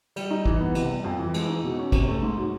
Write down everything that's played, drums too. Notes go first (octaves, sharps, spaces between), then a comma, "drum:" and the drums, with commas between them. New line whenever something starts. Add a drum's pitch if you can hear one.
G3, drum: cymbal
D#4
E3, drum: kick
B3
C3, drum: cymbal
G3
F2
E3
G#3, drum: cymbal
D#4
B2
C#4
C3, drum: kick, cymbal
A3
G#2
F#3